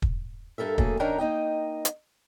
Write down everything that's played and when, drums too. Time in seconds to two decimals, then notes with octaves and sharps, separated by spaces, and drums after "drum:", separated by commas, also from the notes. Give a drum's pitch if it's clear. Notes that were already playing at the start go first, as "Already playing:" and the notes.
0.02 drum: kick
0.58 G2 A4 A#4 E5
0.78 F#3 A3 A#3 G#4 A4, drum: kick
1.00 D#3 C#4 D4 A#4 G5 A#5
1.18 A#3 D#4 D#5 G5
1.85 drum: hi-hat